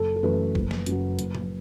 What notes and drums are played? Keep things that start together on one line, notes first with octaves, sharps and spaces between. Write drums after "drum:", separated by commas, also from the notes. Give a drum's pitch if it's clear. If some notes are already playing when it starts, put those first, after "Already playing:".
Already playing: F#1 A4
A4
F#2 E3 A3 B4
F#1, drum: kick
drum: snare
F#2 C#3 F#3, drum: hi-hat
F#1, drum: hi-hat
drum: tom A2